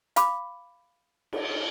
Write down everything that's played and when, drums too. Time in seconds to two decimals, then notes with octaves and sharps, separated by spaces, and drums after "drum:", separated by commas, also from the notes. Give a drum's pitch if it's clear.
0.16 F5 B5 D6, drum: hi-hat
1.33 drum: cymbal